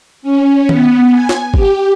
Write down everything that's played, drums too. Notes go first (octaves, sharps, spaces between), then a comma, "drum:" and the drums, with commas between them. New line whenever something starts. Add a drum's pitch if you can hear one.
C#4
B3, drum: tom D#3
G#5
drum: snare
G4, drum: kick G1